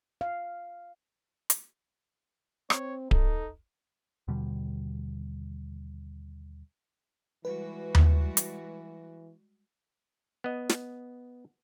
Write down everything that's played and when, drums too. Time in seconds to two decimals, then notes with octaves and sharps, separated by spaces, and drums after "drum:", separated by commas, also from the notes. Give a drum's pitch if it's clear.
0.21 F5
1.50 drum: hi-hat
2.70 C4 C#5, drum: rim click
3.11 D#4 A4, drum: kick D1
4.28 D#2 B2 D3 G3
7.45 E3 G3 G#3 F#4 B4
7.95 drum: tom D#2
8.37 drum: hi-hat
10.44 B3 D#5
10.69 drum: snare